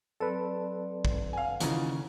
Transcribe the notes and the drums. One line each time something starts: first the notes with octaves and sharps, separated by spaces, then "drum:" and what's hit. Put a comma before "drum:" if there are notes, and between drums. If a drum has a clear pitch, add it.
F#3 C4 A4 B4 D5
drum: kick
F5 F#5 G#5
D#2 C#3 E3 D#4 F4, drum: hi-hat